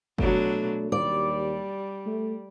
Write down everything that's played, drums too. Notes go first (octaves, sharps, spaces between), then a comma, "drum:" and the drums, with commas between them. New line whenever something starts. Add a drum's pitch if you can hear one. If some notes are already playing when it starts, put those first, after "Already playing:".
B2 F#3 A3 D4, drum: kick
D#2 G3 D5
A3